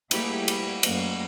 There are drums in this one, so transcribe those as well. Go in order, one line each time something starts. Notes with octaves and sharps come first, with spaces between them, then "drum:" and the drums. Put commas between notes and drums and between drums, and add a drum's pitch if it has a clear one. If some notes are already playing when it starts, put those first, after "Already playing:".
G3 A3 A#3 E4 G4 G#4, drum: cymbal
drum: cymbal
F#2 A3 A#3, drum: cymbal